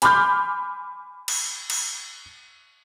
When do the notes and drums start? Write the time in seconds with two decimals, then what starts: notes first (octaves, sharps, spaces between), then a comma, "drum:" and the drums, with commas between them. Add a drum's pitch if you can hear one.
0.02 G#5 B5 C6 D6 F6 G6, drum: hi-hat
1.28 drum: cymbal
1.70 drum: cymbal